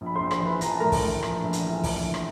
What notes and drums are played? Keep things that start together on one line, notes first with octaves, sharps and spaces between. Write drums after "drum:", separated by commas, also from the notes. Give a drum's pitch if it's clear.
A#1
B5
A#1 C5 C6
C5 C6, drum: rim click
E3 B4 B5
A#1 A#5, drum: hi-hat
A5
A2 A#4 A#5
drum: kick, open hi-hat
A2
A#1, drum: rim click
A#1
drum: hi-hat
E3
A#1, drum: kick, open hi-hat
E3
drum: rim click